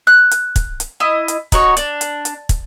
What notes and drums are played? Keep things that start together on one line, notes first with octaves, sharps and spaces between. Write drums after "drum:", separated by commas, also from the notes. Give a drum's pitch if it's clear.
F#6
drum: hi-hat
drum: kick, hi-hat
drum: hi-hat
E4 D#5
drum: hi-hat
D#4 F#4 C#5 C#6, drum: kick, hi-hat
D4, drum: hi-hat
drum: hi-hat
drum: hi-hat
drum: kick, hi-hat